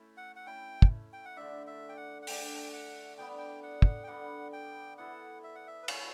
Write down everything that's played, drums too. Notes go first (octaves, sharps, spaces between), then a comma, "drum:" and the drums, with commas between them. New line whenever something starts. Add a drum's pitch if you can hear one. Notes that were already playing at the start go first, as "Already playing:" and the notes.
Already playing: A3 C#4 E4
F#5
F#5
A3 C#4 E4 G5
drum: kick
G5
F#5
D3 A3 D4 E5
E5
G5
F#5
F#5
D3 A3 D4 G5, drum: open hi-hat
F#5
D3 G3 B3 G5
G5
F#5
drum: kick
G5
D3 G3 B3 F#5
G5
E3 B3 E4 A4 F#5
E5
F#5
E5
B4
E3 B3 E4 A4 C#5, drum: cymbal